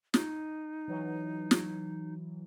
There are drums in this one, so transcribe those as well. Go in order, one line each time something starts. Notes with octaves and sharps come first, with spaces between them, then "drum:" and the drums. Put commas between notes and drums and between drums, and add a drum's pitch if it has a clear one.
D#4, drum: snare
E3 F#3
drum: snare